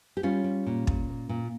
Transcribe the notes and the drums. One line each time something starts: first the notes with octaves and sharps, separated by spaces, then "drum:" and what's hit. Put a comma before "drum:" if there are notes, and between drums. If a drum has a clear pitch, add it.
G4
G3 C#4 F4
G3
A#2
A#2, drum: kick
A#3
A#2